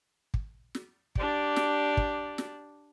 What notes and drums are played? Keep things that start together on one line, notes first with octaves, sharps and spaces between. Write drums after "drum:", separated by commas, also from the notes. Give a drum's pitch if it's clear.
drum: kick
drum: snare
D4 G4 D5, drum: kick
drum: snare
drum: kick
drum: snare